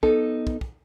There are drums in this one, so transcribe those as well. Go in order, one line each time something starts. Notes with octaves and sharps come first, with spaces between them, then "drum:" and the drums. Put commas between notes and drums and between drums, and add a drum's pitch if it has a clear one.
B3 D#4 A4, drum: kick
drum: kick
drum: kick